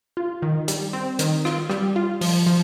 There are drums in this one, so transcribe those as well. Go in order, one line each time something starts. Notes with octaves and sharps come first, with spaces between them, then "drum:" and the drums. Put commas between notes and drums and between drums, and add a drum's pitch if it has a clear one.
F4
D#3
G3, drum: hi-hat
C4
D#3, drum: hi-hat
F4, drum: rim click
G3, drum: rim click
F4
F3, drum: open hi-hat
F3